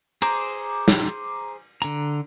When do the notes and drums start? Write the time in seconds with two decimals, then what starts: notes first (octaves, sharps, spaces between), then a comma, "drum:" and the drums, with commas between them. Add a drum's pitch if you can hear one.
0.22 G#4 C5 A#5 D6, drum: cymbal
0.88 drum: snare
1.82 D3 A#5, drum: hi-hat